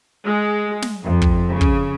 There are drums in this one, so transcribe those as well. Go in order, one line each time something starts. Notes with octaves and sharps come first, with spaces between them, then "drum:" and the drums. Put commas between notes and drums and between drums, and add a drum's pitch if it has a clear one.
G#3
drum: snare
F2
drum: kick
C#3
drum: kick